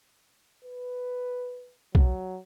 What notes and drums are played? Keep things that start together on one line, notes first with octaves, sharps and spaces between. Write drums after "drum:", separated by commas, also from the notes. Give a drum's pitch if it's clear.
B4
F#3, drum: kick B1